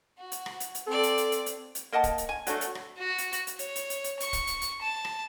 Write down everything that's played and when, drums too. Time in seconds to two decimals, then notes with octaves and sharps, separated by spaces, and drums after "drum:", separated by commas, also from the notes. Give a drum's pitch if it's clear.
0.18 F#4
0.32 drum: hi-hat
0.46 drum: rim click
0.60 drum: hi-hat
0.75 drum: hi-hat
0.87 C4 A4 D5
1.03 drum: hi-hat
1.18 drum: hi-hat
1.32 drum: hi-hat
1.46 drum: hi-hat
1.75 drum: hi-hat
1.93 A#3 D#5 F#5 A5
2.04 drum: kick, hi-hat
2.18 drum: hi-hat
2.29 G#5
2.47 F#3 A3 D4 F#4, drum: hi-hat
2.61 drum: hi-hat
2.75 drum: rim click
2.98 F#4
3.18 drum: hi-hat
3.33 drum: hi-hat
3.47 drum: hi-hat
3.59 C#5, drum: hi-hat
3.76 drum: hi-hat
3.90 drum: hi-hat
4.04 drum: hi-hat
4.20 C#6, drum: hi-hat
4.33 drum: kick, hi-hat
4.47 drum: hi-hat
4.62 drum: hi-hat
4.82 A5
5.05 drum: rim click